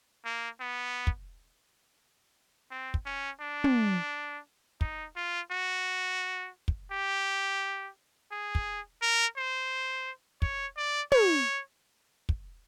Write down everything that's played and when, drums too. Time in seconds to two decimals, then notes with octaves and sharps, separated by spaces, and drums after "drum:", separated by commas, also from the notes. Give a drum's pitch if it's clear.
0.25 A#3
0.60 B3
1.07 drum: kick
2.71 C4
2.94 drum: kick
3.06 C#4
3.41 D4
3.64 drum: tom
4.81 D#4, drum: kick
5.16 F4
5.51 F#4
6.68 drum: kick
6.91 G4
8.31 G#4
8.55 drum: kick
9.02 A#4
9.37 C5
10.42 C#5, drum: kick
10.77 D5
11.12 C#5, drum: tom
12.29 drum: kick